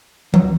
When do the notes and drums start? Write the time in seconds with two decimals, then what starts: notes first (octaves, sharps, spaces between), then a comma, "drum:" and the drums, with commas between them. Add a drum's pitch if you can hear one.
0.34 F#3, drum: tom E3